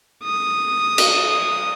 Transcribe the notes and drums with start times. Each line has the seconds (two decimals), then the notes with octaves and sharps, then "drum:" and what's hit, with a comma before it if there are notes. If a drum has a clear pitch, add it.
0.24 D#6
0.98 drum: cymbal